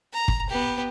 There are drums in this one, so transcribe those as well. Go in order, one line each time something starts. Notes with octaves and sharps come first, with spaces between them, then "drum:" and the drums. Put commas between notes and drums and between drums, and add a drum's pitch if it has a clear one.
A#5
drum: kick
B3 G4